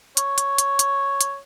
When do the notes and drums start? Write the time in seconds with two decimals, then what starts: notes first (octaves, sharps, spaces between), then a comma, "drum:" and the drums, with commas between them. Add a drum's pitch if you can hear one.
0.17 C#5, drum: hi-hat
0.38 drum: hi-hat
0.58 drum: hi-hat
0.79 drum: hi-hat
1.21 drum: hi-hat